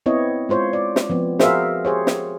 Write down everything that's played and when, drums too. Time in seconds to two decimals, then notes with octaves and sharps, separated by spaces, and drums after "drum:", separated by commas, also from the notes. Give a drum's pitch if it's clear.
0.06 B3 C4 E4 C#5 D#5
0.49 G#3 F4 C5 C#5
0.73 D5
0.96 drum: snare
1.09 F3 B3 C4
1.39 F#4 G#4 A#4 C5 E5 F5, drum: snare
1.85 G4 G#4 C5 C#5
2.07 drum: snare